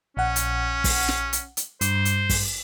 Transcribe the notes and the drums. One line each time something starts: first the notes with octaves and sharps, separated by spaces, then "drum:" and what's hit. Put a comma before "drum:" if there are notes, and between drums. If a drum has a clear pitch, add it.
A#1 C#4 F#5
drum: hi-hat
drum: kick, open hi-hat
drum: snare
drum: hi-hat
drum: hi-hat
G2 C5, drum: hi-hat
drum: hi-hat
drum: kick, open hi-hat